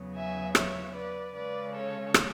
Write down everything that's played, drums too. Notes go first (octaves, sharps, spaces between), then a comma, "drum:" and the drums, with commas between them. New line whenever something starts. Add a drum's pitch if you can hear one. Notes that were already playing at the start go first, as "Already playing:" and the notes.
Already playing: E2 C#3 F#3 B3
E5 G#5
C#5 E5, drum: rim click
B4 D5
C#3 G#3 C#4 B4 D5
A4 C#5
drum: rim click